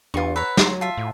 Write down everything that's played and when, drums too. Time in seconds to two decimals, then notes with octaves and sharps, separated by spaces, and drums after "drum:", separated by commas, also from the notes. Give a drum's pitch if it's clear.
0.14 E2 D4 F4 G4 B4 C#6
0.36 B4 C#5 F#5 A#5 E6
0.57 F#3 C6, drum: snare
0.81 F4 E5 A5
0.98 A2